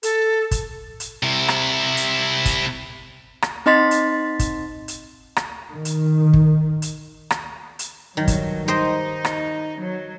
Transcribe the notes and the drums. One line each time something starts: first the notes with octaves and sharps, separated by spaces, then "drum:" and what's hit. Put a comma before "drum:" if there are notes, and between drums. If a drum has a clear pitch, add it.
A4, drum: hi-hat
drum: kick, hi-hat
drum: hi-hat
C3 E4
drum: rim click
drum: hi-hat
drum: kick, hi-hat
drum: rim click
C4 D#4 D#5 C6 A6 B6
drum: hi-hat
drum: kick, hi-hat
drum: hi-hat
drum: rim click
D#3
drum: hi-hat
drum: kick
drum: hi-hat
drum: rim click
drum: hi-hat
G2 D#3 F#3
drum: kick, hi-hat
D#4 G4 C5 D#5
drum: rim click
F#3